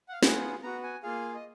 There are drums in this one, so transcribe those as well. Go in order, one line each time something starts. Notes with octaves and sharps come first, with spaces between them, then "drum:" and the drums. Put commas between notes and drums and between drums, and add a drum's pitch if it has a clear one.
F#5
F5
B3 F4 G#4 F#5, drum: snare
B3 F#4 A#5
G#5
A#3 F4 G#4 F5
D#5